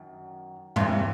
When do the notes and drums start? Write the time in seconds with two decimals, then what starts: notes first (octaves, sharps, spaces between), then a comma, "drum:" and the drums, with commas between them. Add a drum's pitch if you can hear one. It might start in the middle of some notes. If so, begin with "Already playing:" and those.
Already playing: F#2 D#3
0.76 F2 C3 E3 F5, drum: tom G#2